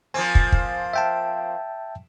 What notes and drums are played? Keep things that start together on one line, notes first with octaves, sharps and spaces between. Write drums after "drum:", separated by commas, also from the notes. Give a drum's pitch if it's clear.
F3 A#3 C4 G#5
drum: kick
drum: kick
E5 G5 A5